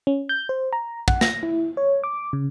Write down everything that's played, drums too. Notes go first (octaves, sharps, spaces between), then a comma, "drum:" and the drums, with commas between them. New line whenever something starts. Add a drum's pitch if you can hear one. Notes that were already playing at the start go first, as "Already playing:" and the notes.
C#4
G6
C5
A#5
F#5, drum: kick
A#6, drum: snare
E4
C#5
D6
C#3